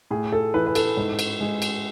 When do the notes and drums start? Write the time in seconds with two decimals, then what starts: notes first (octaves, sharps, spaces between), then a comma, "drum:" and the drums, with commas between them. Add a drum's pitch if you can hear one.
0.11 A2 G#4
0.32 A4
0.54 E3 B4
0.66 B4
0.75 A4, drum: cymbal
0.97 G#2
1.19 drum: cymbal
1.41 G#3
1.62 drum: cymbal